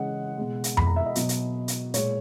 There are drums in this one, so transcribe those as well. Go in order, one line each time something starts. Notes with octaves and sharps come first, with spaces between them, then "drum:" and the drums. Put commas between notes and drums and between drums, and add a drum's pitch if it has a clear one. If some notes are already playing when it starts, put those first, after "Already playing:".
Already playing: C#3 E3 G#3 D#5 F#5
B2 G#3
drum: hi-hat
B5, drum: tom F2
A#5
E5
D#5
B2 F#3, drum: hi-hat
drum: hi-hat
drum: hi-hat
A#2 G#3 C#5, drum: hi-hat